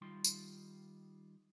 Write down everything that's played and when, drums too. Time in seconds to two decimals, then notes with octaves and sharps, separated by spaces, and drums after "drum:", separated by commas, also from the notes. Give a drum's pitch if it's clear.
0.01 D#3 G3 D#4 F4 C6
0.24 drum: tambourine